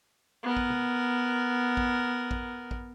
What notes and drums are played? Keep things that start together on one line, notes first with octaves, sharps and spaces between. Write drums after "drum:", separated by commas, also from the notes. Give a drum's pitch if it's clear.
B3 A#4
drum: kick A1
drum: tom C3
drum: kick A1
drum: kick A1
drum: kick A1